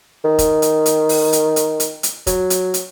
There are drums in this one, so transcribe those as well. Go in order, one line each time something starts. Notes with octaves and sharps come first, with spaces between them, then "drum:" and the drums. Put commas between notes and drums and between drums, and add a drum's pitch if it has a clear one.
D#3
drum: kick F1, hi-hat
drum: hi-hat
drum: hi-hat
drum: open hi-hat
drum: hi-hat
drum: hi-hat
drum: hi-hat
drum: hi-hat
F#3, drum: kick F1, hi-hat
drum: hi-hat
drum: hi-hat